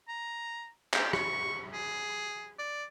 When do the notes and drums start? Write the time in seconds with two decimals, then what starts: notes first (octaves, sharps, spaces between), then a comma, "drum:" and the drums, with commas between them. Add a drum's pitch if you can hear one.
0.08 A#5
0.94 G4, drum: clap
1.13 C#6, drum: rim click
1.73 G#4
2.59 D5